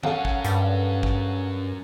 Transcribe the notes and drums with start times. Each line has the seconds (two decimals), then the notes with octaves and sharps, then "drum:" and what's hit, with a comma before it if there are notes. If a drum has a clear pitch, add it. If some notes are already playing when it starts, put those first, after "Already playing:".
0.03 F#2 C#4 A4 F5 F#5, drum: tom D#3
0.25 drum: kick
0.45 G2, drum: hi-hat
1.03 drum: kick